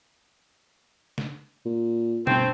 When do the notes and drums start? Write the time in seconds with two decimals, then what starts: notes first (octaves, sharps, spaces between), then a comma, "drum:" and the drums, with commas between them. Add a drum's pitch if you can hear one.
1.18 drum: snare
1.65 A#2
2.27 G1 A3 C4, drum: tom B2